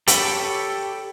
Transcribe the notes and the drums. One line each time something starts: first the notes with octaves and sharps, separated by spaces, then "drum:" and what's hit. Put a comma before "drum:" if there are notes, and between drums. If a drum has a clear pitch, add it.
G4 A4 C#5 G5 B5, drum: hi-hat